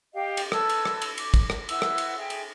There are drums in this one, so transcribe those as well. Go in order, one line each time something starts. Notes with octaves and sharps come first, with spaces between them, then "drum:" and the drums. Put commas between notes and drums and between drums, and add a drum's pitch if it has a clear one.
G4 D#5 F5 G5
drum: cymbal
A4 B4 E6 G#6, drum: rim click
drum: cymbal
drum: rim click
drum: cymbal
D6, drum: cymbal
drum: kick, cymbal
drum: rim click
E4 B4 F#5 E6, drum: cymbal
drum: rim click
drum: cymbal
G#4 E5 G5
drum: cymbal